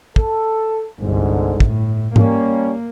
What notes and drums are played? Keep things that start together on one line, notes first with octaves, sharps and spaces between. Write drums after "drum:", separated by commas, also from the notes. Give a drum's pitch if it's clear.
A4, drum: kick
G1 C2 G#2 D3
A2, drum: kick
G3 A#3 C#4, drum: tom G#2